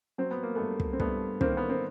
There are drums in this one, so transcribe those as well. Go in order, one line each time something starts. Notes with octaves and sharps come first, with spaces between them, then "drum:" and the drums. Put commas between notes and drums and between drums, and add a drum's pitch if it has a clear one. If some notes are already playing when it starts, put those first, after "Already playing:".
F#3 C4
B3
A#3
G2 A3 B3
drum: kick
C4
G2 A3 B3, drum: kick
D#3 A#3 C4, drum: kick
B3
C4